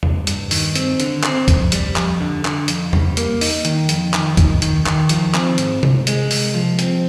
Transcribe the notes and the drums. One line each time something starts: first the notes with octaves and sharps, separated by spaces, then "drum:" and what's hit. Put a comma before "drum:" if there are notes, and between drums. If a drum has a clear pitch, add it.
G2, drum: tom E2
G2, drum: hi-hat
D#3, drum: open hi-hat
C4, drum: hi-hat
D3, drum: hi-hat
C4, drum: clap
F2, drum: kick C#2, hi-hat
G3, drum: hi-hat
F2, drum: clap
D3
D3, drum: clap
F2, drum: hi-hat
G3, drum: tom E2
A#3, drum: hi-hat
D#4, drum: open hi-hat
D#3, drum: hi-hat
F2, drum: hi-hat
D#3, drum: clap
D#3, drum: kick C#2, hi-hat
D#3, drum: hi-hat
D#3, drum: clap
F3, drum: hi-hat
C4, drum: clap
G#2, drum: hi-hat
C2, drum: tom C3
G#3, drum: hi-hat
C2, drum: open hi-hat
F3
C4, drum: hi-hat